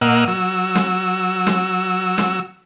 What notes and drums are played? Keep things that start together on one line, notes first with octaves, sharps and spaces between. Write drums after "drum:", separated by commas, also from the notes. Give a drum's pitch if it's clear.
A#2 A#3 D#5 F#5 E6 F6
F#3 E6
drum: snare
drum: snare
drum: snare